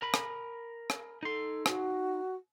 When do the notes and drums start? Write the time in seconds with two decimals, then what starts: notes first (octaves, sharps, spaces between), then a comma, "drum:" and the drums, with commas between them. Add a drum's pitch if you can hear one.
0.02 A#4 B5
0.14 drum: rim click
0.90 drum: rim click
1.23 D#4 A4 C6
1.66 F#4, drum: rim click